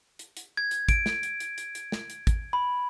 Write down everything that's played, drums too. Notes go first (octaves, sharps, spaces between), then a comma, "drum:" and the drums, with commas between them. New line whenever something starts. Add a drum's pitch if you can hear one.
drum: hi-hat
drum: hi-hat
G#6
drum: hi-hat
D7, drum: kick, hi-hat
drum: snare
drum: hi-hat
drum: hi-hat
drum: hi-hat
drum: hi-hat
drum: snare
drum: hi-hat
drum: kick, hi-hat
B5